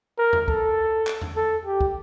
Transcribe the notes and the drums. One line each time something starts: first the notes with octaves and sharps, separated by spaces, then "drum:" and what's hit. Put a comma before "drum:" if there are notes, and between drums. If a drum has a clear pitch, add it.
A#4
drum: tom E2
A4, drum: kick
drum: clap
drum: tom E2
A4
G4
drum: kick